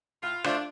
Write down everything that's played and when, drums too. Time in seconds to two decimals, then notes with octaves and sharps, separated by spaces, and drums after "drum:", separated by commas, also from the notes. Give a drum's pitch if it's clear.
0.23 A2 F4
0.44 A3 D4 F4 C5, drum: rim click